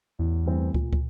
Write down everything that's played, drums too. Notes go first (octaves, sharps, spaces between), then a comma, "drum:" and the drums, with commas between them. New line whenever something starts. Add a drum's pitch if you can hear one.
A1 E2
G2 E3 A3 C4
A#2, drum: kick
drum: kick